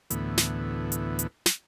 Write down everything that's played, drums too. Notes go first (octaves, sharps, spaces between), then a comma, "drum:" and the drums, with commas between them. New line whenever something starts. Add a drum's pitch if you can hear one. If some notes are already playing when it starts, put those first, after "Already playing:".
D2 A2 E3 B3, drum: hi-hat
drum: snare
drum: hi-hat
drum: hi-hat
drum: snare